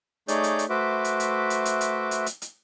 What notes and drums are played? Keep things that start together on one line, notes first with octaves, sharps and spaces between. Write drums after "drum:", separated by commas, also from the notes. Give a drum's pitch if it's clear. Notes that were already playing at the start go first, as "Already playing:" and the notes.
A3 D#4 G#4 C#5 D5 G6, drum: hi-hat
drum: hi-hat
drum: hi-hat
A3 F#4 B4 C5 E5 D6
drum: hi-hat
drum: hi-hat
drum: hi-hat
drum: hi-hat
drum: hi-hat
drum: hi-hat
drum: hi-hat
drum: hi-hat